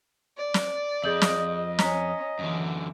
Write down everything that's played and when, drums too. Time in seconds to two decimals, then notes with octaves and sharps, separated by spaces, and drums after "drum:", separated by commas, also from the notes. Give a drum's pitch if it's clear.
0.36 D5
0.54 drum: snare
1.04 F2 G#4 D#5 G6 F#7
1.21 drum: snare
1.79 C#4 A#5 B6, drum: snare
2.39 F#2 D3 E3